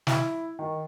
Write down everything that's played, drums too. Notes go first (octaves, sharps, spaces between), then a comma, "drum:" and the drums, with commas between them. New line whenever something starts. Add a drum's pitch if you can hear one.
E4, drum: snare
D#3